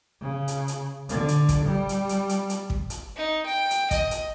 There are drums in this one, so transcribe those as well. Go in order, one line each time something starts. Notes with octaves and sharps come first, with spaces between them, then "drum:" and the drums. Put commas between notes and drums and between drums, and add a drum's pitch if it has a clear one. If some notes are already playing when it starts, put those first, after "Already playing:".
C#3
drum: hi-hat
drum: hi-hat
D3, drum: hi-hat
drum: hi-hat
drum: kick, hi-hat
G3
drum: hi-hat
drum: hi-hat
drum: hi-hat
drum: hi-hat
drum: kick
drum: hi-hat
D#4
G5
drum: hi-hat
D#5, drum: kick, hi-hat
drum: hi-hat